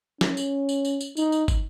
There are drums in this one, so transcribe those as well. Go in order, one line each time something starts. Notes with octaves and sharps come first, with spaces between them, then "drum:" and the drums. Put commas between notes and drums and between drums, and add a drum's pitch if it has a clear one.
C#4, drum: snare
drum: tambourine
drum: tambourine
drum: tambourine
drum: tambourine
D#4, drum: tambourine
drum: tambourine
drum: kick, tambourine